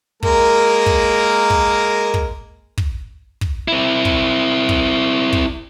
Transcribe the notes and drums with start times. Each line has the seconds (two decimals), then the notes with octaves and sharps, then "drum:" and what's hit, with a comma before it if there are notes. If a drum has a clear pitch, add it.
0.23 G#3 A#3 A#4, drum: kick
0.86 drum: kick
1.50 drum: kick
2.14 drum: kick
2.78 drum: kick
3.41 drum: kick
3.68 C4 E4
4.05 drum: kick
4.69 drum: kick
5.33 drum: kick